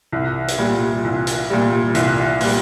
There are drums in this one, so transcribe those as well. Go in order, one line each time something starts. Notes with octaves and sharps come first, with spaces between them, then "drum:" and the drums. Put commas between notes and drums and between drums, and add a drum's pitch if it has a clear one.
C2
drum: hi-hat
A#2 G3
C2
drum: hi-hat
A#2 G3
C2, drum: hi-hat
A#2 G3, drum: open hi-hat